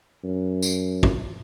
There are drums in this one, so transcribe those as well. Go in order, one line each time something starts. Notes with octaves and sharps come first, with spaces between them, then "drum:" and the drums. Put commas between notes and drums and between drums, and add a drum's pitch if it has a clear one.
F#2
drum: tambourine
drum: kick